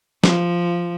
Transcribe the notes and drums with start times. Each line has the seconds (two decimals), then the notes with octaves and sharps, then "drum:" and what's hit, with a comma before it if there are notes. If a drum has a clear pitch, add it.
0.24 F3, drum: snare